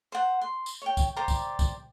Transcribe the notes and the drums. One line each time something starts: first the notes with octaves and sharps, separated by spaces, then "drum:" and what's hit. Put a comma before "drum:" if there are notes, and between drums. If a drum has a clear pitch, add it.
C5 F#5
C6
drum: tambourine
C#5 G5
drum: kick, tambourine
G4 C5 D5 A#5
drum: kick, tambourine
drum: kick, tambourine